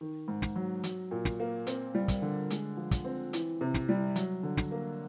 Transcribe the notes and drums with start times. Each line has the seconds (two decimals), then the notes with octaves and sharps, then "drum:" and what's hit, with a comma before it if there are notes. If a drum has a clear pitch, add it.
0.01 D#3
0.28 G#2
0.42 drum: snare
0.56 F#3
0.84 F#3, drum: hi-hat
1.11 A#2
1.25 drum: snare
1.40 A#3
1.67 C4, drum: hi-hat
1.95 G3
2.08 drum: kick, hi-hat
2.22 D3
2.50 G#3, drum: hi-hat
2.77 F3
2.91 drum: kick, hi-hat
3.05 C4
3.33 E3, drum: hi-hat
3.61 C3
3.74 drum: snare
3.89 G3
4.16 F#3, drum: hi-hat
4.43 D3
4.57 drum: snare
4.71 A#3